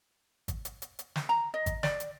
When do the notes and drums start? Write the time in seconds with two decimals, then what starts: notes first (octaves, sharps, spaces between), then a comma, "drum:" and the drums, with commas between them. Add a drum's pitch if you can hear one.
0.48 drum: kick G#1, hi-hat
0.65 drum: hi-hat
0.82 drum: hi-hat
0.99 drum: hi-hat
1.16 drum: snare
1.29 A#5
1.54 D#5
1.66 drum: kick G#1, hi-hat
1.83 D5, drum: snare
2.00 drum: hi-hat